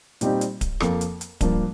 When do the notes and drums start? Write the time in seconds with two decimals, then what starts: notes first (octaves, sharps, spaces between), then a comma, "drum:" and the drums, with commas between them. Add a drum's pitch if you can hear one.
0.21 A#2 G3 C4 D#4 G4, drum: hi-hat
0.41 drum: hi-hat
0.61 drum: kick D1, hi-hat
0.80 F2 F3 A#3, drum: rim click
1.01 drum: hi-hat
1.21 drum: hi-hat
1.41 G2 F3 A#3, drum: kick D1, hi-hat